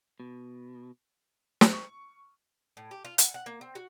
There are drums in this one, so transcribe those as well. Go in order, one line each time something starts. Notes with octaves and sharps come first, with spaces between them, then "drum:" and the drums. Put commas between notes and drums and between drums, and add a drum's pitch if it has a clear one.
B2
drum: snare
C#6
A2
G4
F4
F#5, drum: hi-hat
F#5
A#3
C4
F#4